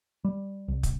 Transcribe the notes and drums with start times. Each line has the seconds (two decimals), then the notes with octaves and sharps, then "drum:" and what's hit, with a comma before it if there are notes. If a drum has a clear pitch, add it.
0.25 G3
0.68 C2
0.83 drum: kick, hi-hat